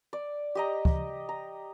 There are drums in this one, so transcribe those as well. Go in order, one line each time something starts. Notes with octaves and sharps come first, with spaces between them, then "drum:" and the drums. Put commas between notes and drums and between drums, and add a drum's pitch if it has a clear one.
D5
G4 D#5 A#5
drum: kick
A#5